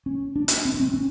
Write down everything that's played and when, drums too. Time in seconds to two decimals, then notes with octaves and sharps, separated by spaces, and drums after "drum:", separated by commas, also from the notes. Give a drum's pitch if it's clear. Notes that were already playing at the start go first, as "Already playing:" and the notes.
0.06 C#4
0.36 D4
0.48 drum: hi-hat
0.65 C4
0.74 C#4
0.80 C4
0.94 C#4